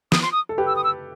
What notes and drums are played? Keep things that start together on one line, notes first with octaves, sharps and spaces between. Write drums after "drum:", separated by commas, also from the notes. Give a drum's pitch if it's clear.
D#6, drum: snare
C6
D#6
A4
G4 B4
E6
D#6
E6